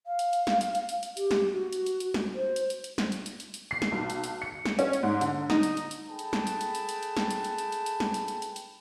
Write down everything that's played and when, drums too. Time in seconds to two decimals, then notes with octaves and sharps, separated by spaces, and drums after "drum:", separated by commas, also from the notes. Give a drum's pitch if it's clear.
0.07 F5
0.19 drum: hi-hat
0.33 drum: hi-hat
0.47 drum: snare
0.61 drum: hi-hat
0.75 drum: hi-hat
0.89 drum: hi-hat
1.03 drum: hi-hat
1.17 G4, drum: hi-hat
1.31 drum: snare
1.53 F#4
1.73 drum: hi-hat
1.86 drum: hi-hat
2.00 drum: hi-hat
2.14 drum: snare
2.35 C5
2.56 drum: hi-hat
2.70 drum: hi-hat
2.84 drum: hi-hat
2.98 drum: snare
3.12 drum: hi-hat
3.26 drum: hi-hat
3.40 drum: hi-hat
3.54 drum: hi-hat
3.71 C7
3.82 drum: snare
3.92 B1
4.10 drum: hi-hat
4.24 drum: hi-hat
4.42 C#7
4.65 drum: snare
4.79 C#4, drum: hi-hat
4.93 drum: hi-hat
5.03 G#2
5.21 D3, drum: hi-hat
5.50 D#4, drum: snare
5.63 drum: hi-hat
5.77 drum: hi-hat
5.91 drum: hi-hat
6.10 G#4 A4 B4 G5 A5
6.19 drum: hi-hat
6.33 drum: snare
6.47 drum: hi-hat
6.61 drum: hi-hat
6.75 drum: hi-hat
6.89 drum: hi-hat
7.03 drum: hi-hat
7.17 drum: snare
7.31 drum: hi-hat
7.44 drum: hi-hat
7.58 drum: hi-hat
7.72 drum: hi-hat
7.86 drum: hi-hat
8.00 drum: snare
8.14 drum: hi-hat
8.28 drum: hi-hat
8.42 drum: hi-hat
8.56 drum: hi-hat